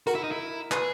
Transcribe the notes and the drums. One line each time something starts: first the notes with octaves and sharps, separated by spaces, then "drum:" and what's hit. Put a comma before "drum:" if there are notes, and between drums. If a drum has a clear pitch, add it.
F#4 A#4, drum: hi-hat
E4
D#4
E4
G#4 B4, drum: clap